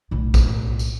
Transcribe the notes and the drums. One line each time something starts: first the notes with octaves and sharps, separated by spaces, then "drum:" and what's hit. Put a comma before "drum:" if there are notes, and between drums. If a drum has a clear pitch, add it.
B1 A2
drum: kick, tambourine
drum: tambourine